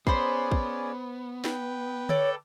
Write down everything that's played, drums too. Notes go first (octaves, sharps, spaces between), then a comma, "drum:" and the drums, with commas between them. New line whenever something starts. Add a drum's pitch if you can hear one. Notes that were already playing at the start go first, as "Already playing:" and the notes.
B3 C#4 G#4 C5 D5 B5 C6, drum: kick
drum: kick
B4 G5, drum: snare
A4 C#5 D5, drum: tom D3